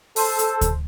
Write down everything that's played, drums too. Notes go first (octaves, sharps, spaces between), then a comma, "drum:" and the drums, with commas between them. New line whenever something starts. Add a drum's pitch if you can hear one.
A4 C5, drum: open hi-hat
drum: hi-hat
drum: kick D2, hi-hat